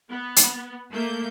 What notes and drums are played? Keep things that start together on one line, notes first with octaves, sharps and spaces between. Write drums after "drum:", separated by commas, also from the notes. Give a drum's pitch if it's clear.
B3
drum: hi-hat
A3 A#3 G6